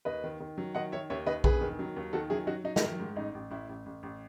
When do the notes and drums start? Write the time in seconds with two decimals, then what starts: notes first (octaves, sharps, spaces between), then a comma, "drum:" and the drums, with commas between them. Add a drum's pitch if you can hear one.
0.05 D#2 B4 D#5
0.24 D#3
0.40 D#3
0.58 F#3
0.75 D#3 D#5 F#5
0.92 D#3 C#5 E5
1.10 D#2 C#5 E5
1.26 D#2 B4 D#5
1.44 E1 G#4 B4, drum: kick A#1
1.61 D#3
1.79 F#3
1.96 D#2
2.13 D#3 F#4 A4
2.30 F#3 E4 G#4
2.47 F#3 D#4 F#4
2.64 F#3 D#4
2.76 D#4, drum: snare
2.82 D#3 E4
3.00 G#2
3.16 A1 D#4
3.34 A1
3.51 A1 E4
3.69 A1
3.86 A1
4.03 A1